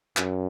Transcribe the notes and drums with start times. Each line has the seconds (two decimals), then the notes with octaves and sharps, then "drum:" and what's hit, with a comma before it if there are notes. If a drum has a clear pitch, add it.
0.17 F#2, drum: clap